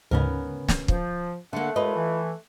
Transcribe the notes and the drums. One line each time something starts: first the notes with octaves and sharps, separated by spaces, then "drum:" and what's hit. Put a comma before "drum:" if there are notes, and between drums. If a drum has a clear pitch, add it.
D2 G#2 C#3 B3 C#4 A#4
drum: snare
F3, drum: kick
D3 A3 A#3 F#5
D#2 G#3 F4 B4 D#5
E3